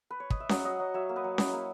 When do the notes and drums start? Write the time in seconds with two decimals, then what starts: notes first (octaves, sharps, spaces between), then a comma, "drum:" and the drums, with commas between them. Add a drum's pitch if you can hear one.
0.10 B4
0.20 C#5
0.30 D#5, drum: kick
0.40 E5
0.49 F#3 D#5 F#5, drum: snare C#4
0.65 F#3 D#5 F#5
0.79 F#3 D#5 F#5
0.94 F#3 C#5 E5
1.09 A#3
1.16 B4 D#5
1.24 F#3
1.38 E4 B4 D#5, drum: snare C#4
1.53 A#3